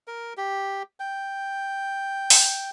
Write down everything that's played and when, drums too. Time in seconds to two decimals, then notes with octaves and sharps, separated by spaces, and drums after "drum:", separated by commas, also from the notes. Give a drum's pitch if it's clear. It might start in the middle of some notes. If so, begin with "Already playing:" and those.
0.07 A#4
0.37 G4
1.00 G5
2.30 drum: open hi-hat